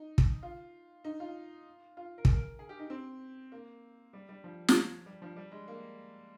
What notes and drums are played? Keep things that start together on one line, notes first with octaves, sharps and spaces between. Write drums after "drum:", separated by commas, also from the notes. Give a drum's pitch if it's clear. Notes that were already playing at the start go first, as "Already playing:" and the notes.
Already playing: D#4
drum: kick
F4
D#4
F4
F4
A#4
G#4, drum: kick
A#4
G#4
G4
D#4
C4
A#3
G3
G3
F3
drum: snare
G3
F3
G3
G#3
A#3